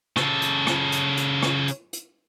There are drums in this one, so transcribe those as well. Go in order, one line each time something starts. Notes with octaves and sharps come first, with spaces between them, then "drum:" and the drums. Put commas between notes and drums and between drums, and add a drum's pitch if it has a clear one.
C#3 A4, drum: rim click
drum: hi-hat
drum: rim click
drum: hi-hat
drum: hi-hat
drum: rim click
drum: hi-hat
drum: hi-hat